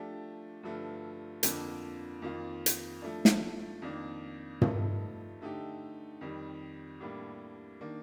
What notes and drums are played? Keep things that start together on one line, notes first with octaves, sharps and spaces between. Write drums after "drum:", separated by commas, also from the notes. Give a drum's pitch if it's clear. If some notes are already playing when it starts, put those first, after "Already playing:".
Already playing: F3 A3 D4 G4
G2 D3 F3 A3
F2 D3 F3 A#3, drum: hi-hat
F2 D#3 A#3 F4
drum: hi-hat
F3 A3 D4
drum: snare
F2 D#3 A#3 D4
G2 F3 A3 D#4, drum: tom
D3 A3 D#4 G4
F2 D#3 G3
A2 G3 A#3 D4
D#3 A#3 D4